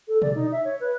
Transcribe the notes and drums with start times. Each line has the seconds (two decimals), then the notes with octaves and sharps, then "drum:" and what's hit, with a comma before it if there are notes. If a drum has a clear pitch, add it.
0.08 A4
0.22 D5, drum: tom B2
0.35 D#4
0.52 E5
0.65 C#5
0.80 B4